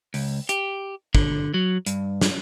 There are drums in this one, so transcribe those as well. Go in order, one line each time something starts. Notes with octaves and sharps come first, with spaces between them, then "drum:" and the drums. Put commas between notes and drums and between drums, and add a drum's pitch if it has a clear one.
C#2, drum: open hi-hat
G4, drum: hi-hat
D3, drum: kick
F#3
G2, drum: hi-hat
drum: snare